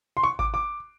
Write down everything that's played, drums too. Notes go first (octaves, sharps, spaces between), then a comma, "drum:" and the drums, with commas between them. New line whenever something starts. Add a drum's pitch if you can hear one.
C6
C#6
D6, drum: kick G#1
D6